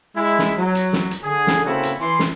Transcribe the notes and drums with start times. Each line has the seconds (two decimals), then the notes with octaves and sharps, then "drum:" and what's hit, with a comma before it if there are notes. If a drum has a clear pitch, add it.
0.16 G#3 E4
0.39 drum: snare
0.58 F#3
0.75 drum: hi-hat
0.93 drum: snare
1.11 drum: hi-hat
1.23 D3 G#4
1.47 drum: snare
1.65 C#3 A#3 C4 E4 F#4 A4
1.83 drum: hi-hat
2.00 E3 C6
2.19 drum: snare